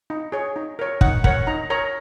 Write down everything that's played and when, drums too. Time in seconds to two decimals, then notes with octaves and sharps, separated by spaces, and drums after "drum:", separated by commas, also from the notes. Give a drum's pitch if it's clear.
0.10 D#4
0.32 G#4 C#5
0.56 D#4
0.79 A#4 C#5
1.01 D#4 F#5, drum: kick
1.24 A#4 C#5 F#5, drum: kick
1.47 D#4 A#5
1.70 A#4 C#5 A#5